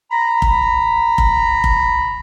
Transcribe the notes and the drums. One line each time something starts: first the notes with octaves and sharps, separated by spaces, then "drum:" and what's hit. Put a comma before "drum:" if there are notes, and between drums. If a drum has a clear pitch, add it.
A#5 B5
drum: kick F1
drum: kick F1
drum: kick F1